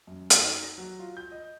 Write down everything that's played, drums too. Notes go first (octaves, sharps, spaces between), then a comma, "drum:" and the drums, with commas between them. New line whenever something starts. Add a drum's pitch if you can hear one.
F#2
F#4, drum: hi-hat
D#4
A#6
F#3
F4
G6
D#5